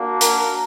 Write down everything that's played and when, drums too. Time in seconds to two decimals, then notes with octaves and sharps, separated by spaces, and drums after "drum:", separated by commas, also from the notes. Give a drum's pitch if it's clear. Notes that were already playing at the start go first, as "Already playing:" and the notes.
Already playing: A#3 D4 F#4
0.21 A#4, drum: hi-hat